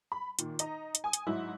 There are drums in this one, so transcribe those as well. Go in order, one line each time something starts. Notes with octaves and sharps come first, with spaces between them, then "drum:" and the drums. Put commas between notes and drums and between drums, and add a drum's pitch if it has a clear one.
B5
A#2 D#3, drum: hi-hat
D#4 D#5 A#5, drum: hi-hat
drum: hi-hat
G#5 D#6
drum: hi-hat
G#2 F#3 D#4 E4